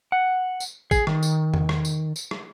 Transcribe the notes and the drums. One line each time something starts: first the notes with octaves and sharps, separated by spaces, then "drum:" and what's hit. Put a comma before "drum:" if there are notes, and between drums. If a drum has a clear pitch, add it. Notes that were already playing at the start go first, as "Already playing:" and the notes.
F#5
drum: tambourine
G#4, drum: kick, tambourine
D#3, drum: rim click
drum: tambourine
drum: tom E2
drum: rim click
drum: tambourine
drum: tambourine
drum: rim click